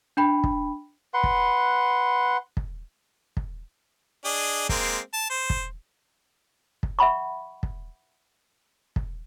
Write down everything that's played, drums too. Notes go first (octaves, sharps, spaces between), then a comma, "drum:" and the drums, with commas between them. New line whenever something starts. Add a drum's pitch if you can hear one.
D4 G5 B5
drum: kick
B4 F#5 C6
drum: kick
drum: kick
drum: kick
D4 G#4 D#5
G#3 A#3 C4, drum: kick
A5
C5
drum: kick
drum: kick
E5 F#5 B5 C#6
drum: kick
drum: kick